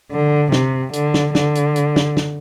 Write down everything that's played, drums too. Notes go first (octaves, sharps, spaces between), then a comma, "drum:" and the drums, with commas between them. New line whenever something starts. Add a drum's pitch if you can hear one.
D3
C3, drum: snare
D3, drum: hi-hat
drum: snare
D3, drum: snare
drum: hi-hat
drum: hi-hat
drum: snare
drum: snare